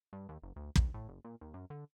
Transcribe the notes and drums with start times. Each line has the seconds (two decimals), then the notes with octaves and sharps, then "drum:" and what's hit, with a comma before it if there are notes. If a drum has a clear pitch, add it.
0.13 G2
0.29 D#2
0.42 F#1
0.56 D2
0.76 D2, drum: kick
0.94 A2
1.09 F#1
1.25 A#2
1.41 D#2
1.54 F#2
1.70 D3